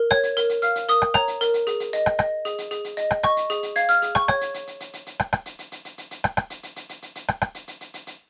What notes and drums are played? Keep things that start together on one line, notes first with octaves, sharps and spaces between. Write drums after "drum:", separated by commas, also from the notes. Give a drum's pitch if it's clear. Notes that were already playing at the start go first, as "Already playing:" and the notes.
Already playing: A#4
C#5 G#6, drum: rim click
drum: hi-hat
A#4, drum: hi-hat
drum: hi-hat
F5 F6, drum: hi-hat
drum: hi-hat
A#4 D#6, drum: hi-hat
drum: rim click
C#5 A#5, drum: rim click
drum: hi-hat
A#4, drum: hi-hat
drum: hi-hat
G#4, drum: hi-hat
drum: hi-hat
D#5, drum: hi-hat
drum: rim click
D#5, drum: rim click
G#4, drum: hi-hat
drum: hi-hat
G#4, drum: hi-hat
drum: hi-hat
D#5, drum: hi-hat
drum: rim click
D#5 C#6, drum: rim click
drum: hi-hat
G#4, drum: hi-hat
drum: hi-hat
F5 G#6, drum: hi-hat
F6, drum: hi-hat
G#4, drum: hi-hat
C#6, drum: rim click
C#5 G#6, drum: rim click
drum: hi-hat
drum: hi-hat
drum: hi-hat
drum: hi-hat
drum: hi-hat
drum: hi-hat
drum: rim click
drum: rim click
drum: hi-hat
drum: hi-hat
drum: hi-hat
drum: hi-hat
drum: hi-hat
drum: hi-hat
drum: rim click
drum: rim click
drum: hi-hat
drum: hi-hat
drum: hi-hat
drum: hi-hat
drum: hi-hat
drum: hi-hat
drum: rim click
drum: rim click
drum: hi-hat
drum: hi-hat
drum: hi-hat
drum: hi-hat
drum: hi-hat